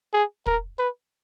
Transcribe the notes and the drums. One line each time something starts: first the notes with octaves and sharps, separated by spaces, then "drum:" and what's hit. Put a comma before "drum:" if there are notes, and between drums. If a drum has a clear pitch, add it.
G#4
A#4, drum: kick
B4